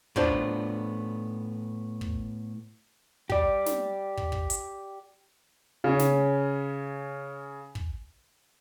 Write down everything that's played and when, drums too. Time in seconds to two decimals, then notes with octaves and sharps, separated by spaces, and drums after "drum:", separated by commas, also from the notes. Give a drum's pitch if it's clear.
0.16 A2 B3 D4 F4 C5 A5, drum: kick
2.01 drum: kick
3.30 G4 D5, drum: kick
3.66 drum: snare
4.17 drum: kick
4.32 drum: kick
4.50 drum: hi-hat
5.84 C#3 C#4
5.99 drum: snare
7.75 drum: kick